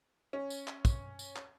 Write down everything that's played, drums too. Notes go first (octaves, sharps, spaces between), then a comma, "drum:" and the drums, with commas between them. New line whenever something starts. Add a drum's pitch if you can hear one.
C#4
drum: tambourine
drum: clap
drum: kick, tambourine
drum: tambourine
drum: clap